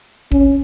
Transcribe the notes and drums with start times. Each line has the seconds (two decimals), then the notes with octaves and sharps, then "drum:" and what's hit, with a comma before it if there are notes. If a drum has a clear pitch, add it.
0.32 C#4, drum: kick